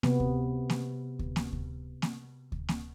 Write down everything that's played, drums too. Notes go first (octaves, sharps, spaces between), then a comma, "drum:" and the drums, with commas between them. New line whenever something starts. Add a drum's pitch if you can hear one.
C3 B3, drum: snare A#3
drum: kick D2
drum: snare A#3
drum: kick D2
drum: snare A#3
drum: kick D2
drum: snare A#3
drum: kick D2
drum: snare A#3